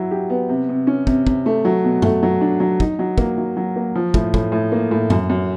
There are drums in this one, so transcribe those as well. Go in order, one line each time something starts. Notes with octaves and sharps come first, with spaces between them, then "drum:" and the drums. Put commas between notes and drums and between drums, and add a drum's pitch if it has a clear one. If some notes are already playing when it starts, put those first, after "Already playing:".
Already playing: F#3 E4
G4
B3
C3
C3
C#4
C3, drum: kick
C3, drum: kick
A3
F#3
B2
A3, drum: tom F#2
F#3
D4
F#3
D#4, drum: kick
F#3
A#3, drum: kick
F#3
F#3
A#3
F3
A2, drum: kick
A2, drum: kick
A2
A#3
A2
F#2, drum: tom F#2
F#2